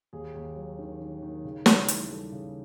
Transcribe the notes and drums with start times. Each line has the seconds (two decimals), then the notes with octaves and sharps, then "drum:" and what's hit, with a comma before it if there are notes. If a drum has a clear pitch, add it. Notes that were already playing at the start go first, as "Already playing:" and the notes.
0.13 D#2 G#4
0.35 D#2
0.56 F#3
0.79 D#3
1.00 D#3
1.22 D#3
1.45 C#3
1.66 G3, drum: snare
1.88 E3, drum: hi-hat
2.10 G3 A4
2.32 C#3